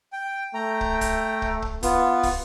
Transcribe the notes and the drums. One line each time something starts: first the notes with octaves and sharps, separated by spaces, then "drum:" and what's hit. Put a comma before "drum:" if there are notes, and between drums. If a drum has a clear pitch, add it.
G5
A3 G5 A#5
drum: kick
drum: kick, hi-hat
drum: kick
drum: kick
B3 F4, drum: kick, hi-hat
drum: kick, open hi-hat